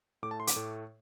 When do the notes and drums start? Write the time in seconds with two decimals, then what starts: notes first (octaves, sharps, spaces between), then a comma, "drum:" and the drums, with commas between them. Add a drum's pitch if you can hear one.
0.23 A2 A3 D6
0.31 A5
0.40 C6
0.47 D6, drum: hi-hat
0.56 A2 A3